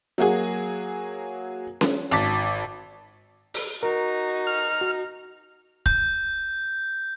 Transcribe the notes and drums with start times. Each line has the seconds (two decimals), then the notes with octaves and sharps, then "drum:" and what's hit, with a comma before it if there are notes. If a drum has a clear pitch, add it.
0.18 F#3 A#3 F#4 G#4
1.81 drum: snare C#4
2.11 G#1 A5 D6 A6 B6
3.54 drum: open hi-hat
3.83 D#4 F#4 A#4
4.47 F6
4.81 F#4
5.86 G6, drum: kick F1